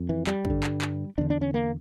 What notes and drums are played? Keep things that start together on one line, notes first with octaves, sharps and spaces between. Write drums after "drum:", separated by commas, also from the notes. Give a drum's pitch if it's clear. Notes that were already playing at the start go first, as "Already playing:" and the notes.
Already playing: F2
E3
G3, drum: clap
G2, drum: kick
D3
drum: clap
drum: clap
E2 D3 D4
D4
C#4
A#3